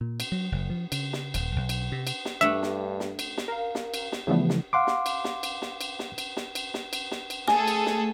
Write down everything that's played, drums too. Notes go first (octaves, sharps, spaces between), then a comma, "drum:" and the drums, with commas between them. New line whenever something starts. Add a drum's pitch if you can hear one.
A#2
drum: cymbal
F#3
F#1
F3
C#3, drum: cymbal
drum: snare
D#1, drum: cymbal
B1
drum: cymbal
C3
drum: cymbal
drum: snare
G2 A3 D4 E5
drum: snare
drum: snare
drum: cymbal
drum: snare
A#4 F5
drum: snare
drum: cymbal
drum: snare
C#3 E3 F3 G3 A3 B3
drum: snare
F5 F#5 C6 D6
drum: snare
drum: cymbal
drum: snare
drum: cymbal
drum: snare
drum: cymbal
drum: snare
drum: cymbal
drum: snare
drum: cymbal
drum: snare
drum: cymbal
drum: snare
drum: cymbal
A3 G#4 A4 G#5, drum: snare
drum: cymbal
drum: snare